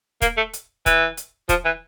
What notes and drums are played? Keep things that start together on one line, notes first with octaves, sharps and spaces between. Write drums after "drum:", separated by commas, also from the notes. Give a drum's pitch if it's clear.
A#3, drum: kick, hi-hat
A3
drum: hi-hat
E3, drum: kick, hi-hat
drum: hi-hat
F3, drum: kick, hi-hat
E3